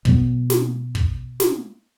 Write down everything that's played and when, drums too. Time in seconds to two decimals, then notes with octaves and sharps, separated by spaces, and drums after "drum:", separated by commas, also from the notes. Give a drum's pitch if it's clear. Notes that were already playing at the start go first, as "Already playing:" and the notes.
0.05 B2 F#3 B3, drum: kick
0.50 drum: snare
0.95 drum: kick
1.40 drum: snare